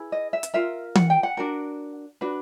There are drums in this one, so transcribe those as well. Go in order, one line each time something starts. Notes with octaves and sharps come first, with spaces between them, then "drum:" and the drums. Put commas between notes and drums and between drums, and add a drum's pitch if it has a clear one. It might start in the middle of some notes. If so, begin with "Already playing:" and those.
Already playing: E4 G#4 B4
D#5
E5
drum: hi-hat
F4 A#4 E5
F#5, drum: tom E3
G5
F#5
D4 F#4 A#4
D4 F#4 B4